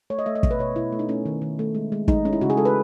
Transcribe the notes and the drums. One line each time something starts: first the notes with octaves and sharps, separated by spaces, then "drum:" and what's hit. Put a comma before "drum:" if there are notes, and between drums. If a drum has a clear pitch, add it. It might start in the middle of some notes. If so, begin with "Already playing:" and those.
A3 C#5
D#5
A3 E5
D#5
B2, drum: kick
B4
B2 C#5
B2 E4
A3
D#4
A3 C#4
D#3
D#3
A3
G#3
G#3
G#3 D#4, drum: kick
G#3 C#4
E4
C#3 F#4
G#4
G#3 A4
B4